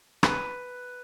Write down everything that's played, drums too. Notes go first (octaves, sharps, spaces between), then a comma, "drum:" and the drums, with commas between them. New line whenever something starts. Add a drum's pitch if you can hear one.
B4, drum: rim click